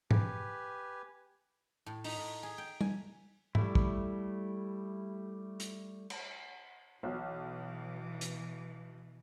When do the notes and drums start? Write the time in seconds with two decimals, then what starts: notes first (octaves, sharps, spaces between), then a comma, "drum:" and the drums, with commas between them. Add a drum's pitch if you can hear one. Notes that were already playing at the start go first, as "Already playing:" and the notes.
0.11 G4 B4 G#5, drum: tom G#2
1.86 A2
2.04 D#4, drum: open hi-hat
2.18 A2
2.43 G#4
2.58 G5
2.81 G#5, drum: tom
3.55 G3 A3 E4, drum: tom G#2
3.75 drum: kick
5.60 drum: hi-hat
6.10 drum: cymbal
7.03 B1 B2 E3
8.21 drum: hi-hat